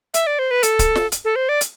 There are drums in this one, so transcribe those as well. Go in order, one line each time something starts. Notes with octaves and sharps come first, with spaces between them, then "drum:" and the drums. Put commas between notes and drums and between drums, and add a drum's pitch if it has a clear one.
E5, drum: hi-hat
D5
C5
B4
A4, drum: hi-hat
drum: kick C#1, hi-hat
drum: snare
drum: hi-hat
A4
C5
D5
drum: hi-hat